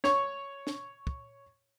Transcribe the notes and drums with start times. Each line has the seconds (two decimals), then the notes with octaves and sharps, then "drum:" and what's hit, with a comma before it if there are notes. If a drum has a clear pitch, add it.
0.04 C#5 C#6, drum: snare
0.67 drum: snare
1.07 drum: kick